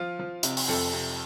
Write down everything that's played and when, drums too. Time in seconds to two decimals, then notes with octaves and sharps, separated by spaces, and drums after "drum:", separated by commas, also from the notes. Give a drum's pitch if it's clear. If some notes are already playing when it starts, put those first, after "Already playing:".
Already playing: F3 F4
0.19 F3
0.43 C3, drum: hi-hat
0.57 drum: open hi-hat
0.68 F2 A4
0.93 C3